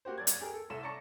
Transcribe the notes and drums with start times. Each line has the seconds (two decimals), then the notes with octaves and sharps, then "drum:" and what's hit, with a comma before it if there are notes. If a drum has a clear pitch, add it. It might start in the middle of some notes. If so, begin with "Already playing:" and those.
0.05 A#3 F#4 G4 C5
0.18 F#2 D5 G#6
0.27 drum: hi-hat
0.40 G4 G#4 A#4
0.54 A4
0.70 C2 A4 E7
0.83 D5 A5 A#5 C#6 A#6 C#7